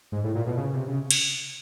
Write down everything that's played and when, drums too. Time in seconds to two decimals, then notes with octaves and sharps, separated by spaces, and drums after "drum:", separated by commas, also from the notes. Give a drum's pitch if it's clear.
0.12 G#2
0.24 A2
0.35 A#2
0.47 B2
0.57 C#3
0.73 C3
0.88 C#3
1.11 drum: cymbal